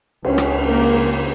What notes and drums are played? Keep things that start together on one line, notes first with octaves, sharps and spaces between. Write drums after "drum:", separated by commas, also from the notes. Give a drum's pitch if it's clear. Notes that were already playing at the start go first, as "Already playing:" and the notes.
C#2 C#3 C#4, drum: cymbal
drum: rim click
A#3